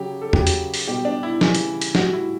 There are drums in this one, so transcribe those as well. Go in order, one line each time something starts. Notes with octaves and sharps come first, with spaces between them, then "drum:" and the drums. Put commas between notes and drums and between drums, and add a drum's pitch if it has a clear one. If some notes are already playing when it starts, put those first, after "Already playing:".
Already playing: C#3 F#3 G4
A4
C#3 F#3 G4, drum: tom E2
drum: hi-hat
drum: open hi-hat
B2 G3 G4
D4
E4
C#3 E3 G3, drum: snare
drum: hi-hat
drum: hi-hat
A2 G3 F#4, drum: snare
E4